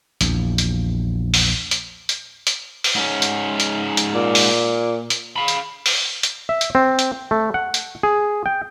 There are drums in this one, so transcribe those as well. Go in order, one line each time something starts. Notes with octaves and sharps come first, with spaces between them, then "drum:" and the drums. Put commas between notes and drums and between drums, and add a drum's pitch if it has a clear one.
A#1 E2, drum: hi-hat
drum: hi-hat
drum: open hi-hat
drum: hi-hat
drum: hi-hat
drum: hi-hat
drum: open hi-hat
G#2 C#4
drum: hi-hat
drum: hi-hat
drum: hi-hat
A#2
drum: open hi-hat
drum: hi-hat
F5 B5
drum: hi-hat
drum: open hi-hat
drum: hi-hat
E5
drum: hi-hat
C4
drum: hi-hat
A3
F#5
drum: hi-hat
G#4
G5